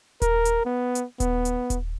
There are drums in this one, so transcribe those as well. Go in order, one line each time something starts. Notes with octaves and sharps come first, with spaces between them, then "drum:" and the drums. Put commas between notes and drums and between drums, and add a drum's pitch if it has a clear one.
A#4, drum: kick D#1, hi-hat
drum: hi-hat
B3
drum: hi-hat
B3, drum: kick D#1, hi-hat
drum: hi-hat
drum: kick D#1, hi-hat